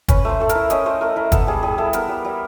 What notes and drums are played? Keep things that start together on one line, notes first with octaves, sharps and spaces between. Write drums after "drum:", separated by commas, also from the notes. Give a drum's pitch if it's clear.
C#4 B4, drum: kick, hi-hat
A3 C5
A3 A4
A#4, drum: hi-hat
E4
C#4 D#5, drum: hi-hat
A3 C5
A3 A#4
E4 A#4
B3 A4, drum: kick, hi-hat
G3 G#4
G3 G#4
E4 A4
B3 A#4, drum: hi-hat
G3
G3